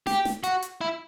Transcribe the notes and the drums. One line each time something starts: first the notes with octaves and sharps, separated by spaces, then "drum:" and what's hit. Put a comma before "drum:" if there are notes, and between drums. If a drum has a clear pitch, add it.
G4, drum: snare
drum: snare
F#4, drum: hi-hat
drum: hi-hat
E4